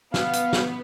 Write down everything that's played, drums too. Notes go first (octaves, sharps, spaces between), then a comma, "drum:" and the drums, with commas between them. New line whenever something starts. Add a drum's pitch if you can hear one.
B3 F5, drum: snare
drum: hi-hat
drum: snare